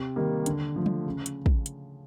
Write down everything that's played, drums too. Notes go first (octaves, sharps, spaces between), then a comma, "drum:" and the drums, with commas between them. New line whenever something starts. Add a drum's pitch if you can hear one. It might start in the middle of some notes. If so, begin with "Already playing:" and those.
Already playing: C3
D#3 G3 A#3
D3, drum: hi-hat
F3 A3
drum: tom
C#3
drum: hi-hat
drum: kick
drum: hi-hat